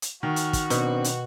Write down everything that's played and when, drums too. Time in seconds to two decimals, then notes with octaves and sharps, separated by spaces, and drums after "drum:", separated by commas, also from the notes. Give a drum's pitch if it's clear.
0.02 drum: hi-hat
0.23 D#3 F#4 F6
0.36 drum: hi-hat
0.53 drum: kick, hi-hat
0.70 B2 B3 C4 D4, drum: hi-hat
1.04 drum: hi-hat